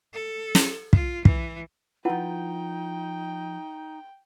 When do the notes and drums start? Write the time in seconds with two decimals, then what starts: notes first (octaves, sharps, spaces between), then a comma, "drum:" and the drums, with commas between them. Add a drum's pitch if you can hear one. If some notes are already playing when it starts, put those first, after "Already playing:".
0.13 A4
0.55 drum: snare
0.93 F4, drum: kick
1.25 E3, drum: kick
2.05 F3 D#4 E4 B4 F#5 G5